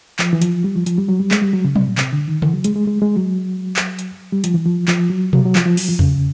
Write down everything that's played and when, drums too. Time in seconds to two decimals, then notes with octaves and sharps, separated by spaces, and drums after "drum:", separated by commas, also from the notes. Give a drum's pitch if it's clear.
0.19 F3, drum: clap
0.33 E3
0.42 F3, drum: hi-hat
0.64 G3
0.75 F3
0.86 F3, drum: hi-hat
0.98 G3
1.08 F#3
1.20 G3
1.31 G#3, drum: clap
1.42 G3
1.53 F#3
1.64 C#3
1.76 C3, drum: tom F#3
1.87 A#2
1.98 C3, drum: clap
2.12 D3
2.28 D#3
2.42 E3, drum: tom C#3
2.54 F#3
2.64 G#3, drum: hi-hat
2.76 G#3
2.87 G#3
3.02 G#3
3.16 F#3
3.76 drum: clap
3.99 drum: hi-hat
4.32 G3
4.44 F3, drum: hi-hat
4.54 E3
4.65 F3
4.88 F3, drum: clap
5.10 F#3
5.33 F#3, drum: tom B2
5.45 F#3
5.55 F3, drum: clap
5.66 F3
5.77 F#3, drum: open hi-hat
5.89 F3
5.99 C#3, drum: tom E2